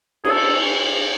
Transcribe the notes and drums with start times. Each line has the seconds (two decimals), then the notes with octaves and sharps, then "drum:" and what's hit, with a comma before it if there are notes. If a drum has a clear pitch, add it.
0.24 G#4, drum: cymbal
0.30 A4